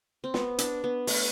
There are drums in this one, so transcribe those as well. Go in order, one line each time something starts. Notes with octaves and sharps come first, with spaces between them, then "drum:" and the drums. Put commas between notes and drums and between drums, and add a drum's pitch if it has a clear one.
C4
B3, drum: snare
D4, drum: hi-hat
B3
A3, drum: open hi-hat